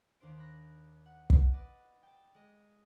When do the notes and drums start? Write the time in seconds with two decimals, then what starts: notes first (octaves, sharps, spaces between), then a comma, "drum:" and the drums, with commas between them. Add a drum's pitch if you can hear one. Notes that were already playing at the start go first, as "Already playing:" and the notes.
0.20 D#2 D#3 D4 C5 D7
0.38 B5 F#6 A#6
1.06 F#5
1.30 drum: kick
1.53 B4 D5 D#5
2.03 G5 A5
2.34 G#3 D#5